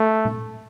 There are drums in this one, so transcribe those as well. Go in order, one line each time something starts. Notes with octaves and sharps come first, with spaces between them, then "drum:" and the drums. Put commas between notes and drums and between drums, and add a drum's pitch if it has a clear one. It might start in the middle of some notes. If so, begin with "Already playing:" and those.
Already playing: A3
drum: tom A#2